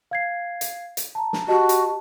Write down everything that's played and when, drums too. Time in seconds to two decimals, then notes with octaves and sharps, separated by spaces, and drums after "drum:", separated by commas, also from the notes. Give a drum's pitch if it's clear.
0.11 F5 G#6 C7
0.61 drum: hi-hat
0.97 drum: hi-hat
1.15 A5 A#5
1.33 drum: snare
1.48 F#4 G4 D#5 A5
1.69 drum: hi-hat